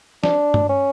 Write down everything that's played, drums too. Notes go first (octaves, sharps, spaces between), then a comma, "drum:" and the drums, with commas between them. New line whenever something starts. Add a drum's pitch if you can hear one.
D4, drum: snare
drum: tom G2
C#4